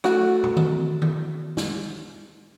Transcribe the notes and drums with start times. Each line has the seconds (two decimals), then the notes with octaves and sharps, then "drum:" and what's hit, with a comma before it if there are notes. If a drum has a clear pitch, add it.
0.04 A3 F#4, drum: rim click
0.44 drum: tom
0.57 drum: tom D#3
1.02 drum: tom D#3
1.57 drum: snare